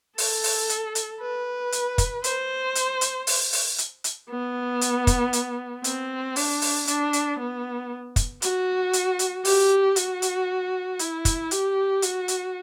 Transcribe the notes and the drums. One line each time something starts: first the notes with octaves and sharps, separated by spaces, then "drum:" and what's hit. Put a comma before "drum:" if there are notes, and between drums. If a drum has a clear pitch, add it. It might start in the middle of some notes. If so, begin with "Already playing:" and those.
A4, drum: open hi-hat
drum: open hi-hat
drum: hi-hat
drum: hi-hat
B4
drum: hi-hat
drum: kick, hi-hat
C5, drum: hi-hat
drum: hi-hat
drum: hi-hat
drum: open hi-hat
drum: open hi-hat
drum: hi-hat
drum: hi-hat
B3
drum: hi-hat
drum: kick, hi-hat
drum: hi-hat
C4, drum: hi-hat
D4, drum: open hi-hat
drum: open hi-hat
D4, drum: hi-hat
drum: hi-hat
B3
drum: kick, hi-hat
F#4, drum: hi-hat
drum: hi-hat
drum: hi-hat
G4, drum: open hi-hat
F#4, drum: hi-hat
drum: hi-hat
E4, drum: hi-hat
drum: kick, hi-hat
G4, drum: hi-hat
F#4, drum: hi-hat
drum: hi-hat